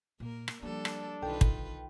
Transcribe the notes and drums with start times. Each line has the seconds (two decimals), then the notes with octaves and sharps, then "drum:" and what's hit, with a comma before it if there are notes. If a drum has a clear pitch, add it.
0.20 A#2 A#3 A#4
0.48 drum: rim click
0.62 F3 G3 A#3 D4 A4
0.85 drum: rim click
1.22 B1 D3 D#3 F4 A4 B4 G5
1.41 drum: kick